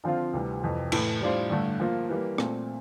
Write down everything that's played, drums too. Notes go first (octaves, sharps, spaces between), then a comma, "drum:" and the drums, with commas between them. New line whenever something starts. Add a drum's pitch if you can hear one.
D3 F3 C4 F4
D2 C3 E3 G3
F2 C3 E3
A2 E3 A3, drum: cymbal
A2 G3 D4 F4 C5
G2 D3 A3
F3 A#3 F4
E3 G3 A#3
A#2 A3 C4, drum: rim click